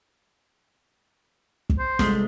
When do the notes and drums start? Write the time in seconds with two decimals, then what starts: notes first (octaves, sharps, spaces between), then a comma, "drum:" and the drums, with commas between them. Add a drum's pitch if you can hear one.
1.70 drum: kick
1.79 C5
1.99 C2 G#3 A3, drum: snare